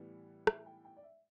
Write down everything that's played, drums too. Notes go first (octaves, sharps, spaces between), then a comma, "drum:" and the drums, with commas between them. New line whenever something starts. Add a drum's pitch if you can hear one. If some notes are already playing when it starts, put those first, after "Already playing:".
Already playing: A2 E3 G3 B3
E5, drum: rim click
G5
G5
D5
E5